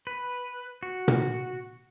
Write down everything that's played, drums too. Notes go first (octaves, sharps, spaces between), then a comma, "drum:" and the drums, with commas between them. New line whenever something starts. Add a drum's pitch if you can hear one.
B4
F#4
drum: tom A#2